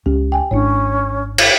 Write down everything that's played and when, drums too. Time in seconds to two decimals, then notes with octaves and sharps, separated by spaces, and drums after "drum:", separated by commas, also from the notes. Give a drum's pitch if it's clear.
0.06 C#2 C#4 G4
0.32 G5 G#5
0.51 G#1 C#4 D4 E4 C#5
1.38 drum: cymbal